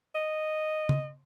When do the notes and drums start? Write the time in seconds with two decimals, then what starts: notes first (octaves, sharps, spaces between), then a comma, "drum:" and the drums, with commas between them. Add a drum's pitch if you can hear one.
0.15 D#5
0.89 drum: tom C#3